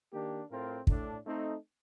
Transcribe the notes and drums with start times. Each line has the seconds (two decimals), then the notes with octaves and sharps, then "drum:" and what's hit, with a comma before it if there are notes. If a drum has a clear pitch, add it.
0.11 D#3 A#3 D4 G4
0.50 A2 A3 C4 F4 A#4
0.87 A2 A3 D4, drum: kick
1.25 A3 C4 D#4 A4